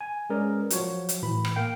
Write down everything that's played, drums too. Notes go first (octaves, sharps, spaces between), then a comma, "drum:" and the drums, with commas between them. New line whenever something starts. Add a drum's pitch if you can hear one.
G#5
G#3 C#4 G#4 A#4 B4 D5
F3 F#3 F#4 C#5, drum: hi-hat
drum: hi-hat
A2 E3 B5
drum: rim click
A#3 F5 G5